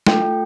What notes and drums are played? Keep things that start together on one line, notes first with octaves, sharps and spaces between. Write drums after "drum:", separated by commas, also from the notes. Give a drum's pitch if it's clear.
A3 F4 A4 G5, drum: snare
G5